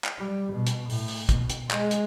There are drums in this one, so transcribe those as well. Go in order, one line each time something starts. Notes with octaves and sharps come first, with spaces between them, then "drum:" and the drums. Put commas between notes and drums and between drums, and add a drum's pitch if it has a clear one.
drum: clap
G3
B2
drum: hi-hat
A2, drum: open hi-hat
drum: open hi-hat
B2, drum: kick, hi-hat
drum: hi-hat
G#3, drum: clap
drum: hi-hat